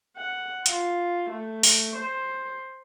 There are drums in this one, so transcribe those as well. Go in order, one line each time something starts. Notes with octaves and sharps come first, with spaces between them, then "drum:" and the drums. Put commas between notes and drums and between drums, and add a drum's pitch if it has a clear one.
F#5
F4, drum: hi-hat
A3
drum: open hi-hat
C5